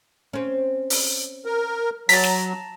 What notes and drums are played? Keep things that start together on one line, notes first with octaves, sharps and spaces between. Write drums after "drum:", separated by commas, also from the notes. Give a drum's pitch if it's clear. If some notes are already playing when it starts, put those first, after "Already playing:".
C4 C#4
drum: open hi-hat
A#4
F#3 A5 A#5 B6, drum: open hi-hat
drum: snare